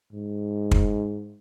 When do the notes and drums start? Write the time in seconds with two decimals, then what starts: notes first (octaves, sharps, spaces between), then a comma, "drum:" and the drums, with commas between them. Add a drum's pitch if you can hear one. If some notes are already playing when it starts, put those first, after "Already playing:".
0.13 G#2
0.71 drum: kick